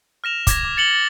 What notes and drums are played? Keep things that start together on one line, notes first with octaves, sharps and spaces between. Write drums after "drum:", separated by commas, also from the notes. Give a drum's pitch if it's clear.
F6 A#6 E7 F7
D6 G#6 A#6, drum: kick, hi-hat
D6
A6 C#7 F#7 G7
A6